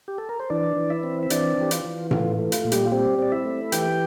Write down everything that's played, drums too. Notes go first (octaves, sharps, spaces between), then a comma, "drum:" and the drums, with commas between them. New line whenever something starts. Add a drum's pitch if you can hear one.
G4
A4
A#4
C5
E3 D4 D5
E3
E4 E5
C4
E5
E3 D4 D5, drum: hi-hat
E3 G4
F4, drum: hi-hat
E3
A3 F4, drum: tom A2
A3
F4, drum: hi-hat
A#2
G3 G4, drum: hi-hat
F4
G3 C4 G4
C4 D5
E4 E5
A3
E3 G4 G5, drum: hi-hat